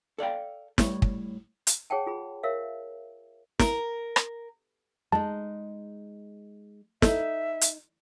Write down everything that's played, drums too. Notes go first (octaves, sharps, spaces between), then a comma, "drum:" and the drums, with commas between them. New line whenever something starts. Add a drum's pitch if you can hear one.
A4 D5 F5 G5
A2 G3 C#5, drum: snare
drum: kick
drum: hi-hat
G#4 C#5 F#5 G5 A5
F4 G#4 B5
A#4 C#5 E5 F5
A#4, drum: snare
drum: rim click
G#3 D#4 A5
D#4 A4 E5, drum: snare
drum: hi-hat